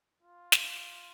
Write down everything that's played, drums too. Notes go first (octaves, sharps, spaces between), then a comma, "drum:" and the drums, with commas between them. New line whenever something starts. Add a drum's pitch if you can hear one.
F4
drum: snare